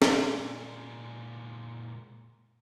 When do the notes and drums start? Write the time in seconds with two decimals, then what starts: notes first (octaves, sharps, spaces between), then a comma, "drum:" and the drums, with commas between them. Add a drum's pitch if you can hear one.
0.02 A#2 G#3, drum: snare